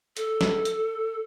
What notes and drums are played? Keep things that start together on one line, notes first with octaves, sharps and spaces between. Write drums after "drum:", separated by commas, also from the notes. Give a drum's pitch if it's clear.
A4, drum: hi-hat
drum: snare
drum: hi-hat